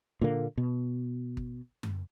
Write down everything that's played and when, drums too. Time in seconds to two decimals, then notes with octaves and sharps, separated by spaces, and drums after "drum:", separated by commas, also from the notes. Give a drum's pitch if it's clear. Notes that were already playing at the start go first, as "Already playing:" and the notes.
0.21 A#2 D3 A#3
0.58 B2
1.37 drum: kick
1.83 drum: tom F#2